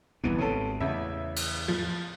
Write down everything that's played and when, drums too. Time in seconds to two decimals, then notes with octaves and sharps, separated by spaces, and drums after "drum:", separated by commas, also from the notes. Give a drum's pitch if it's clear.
0.24 D#1 C2 B2 E3 B3
0.39 G#1 C3 C#4 A4
0.80 A1 E2 C#3 E5
1.36 drum: cymbal
1.68 F3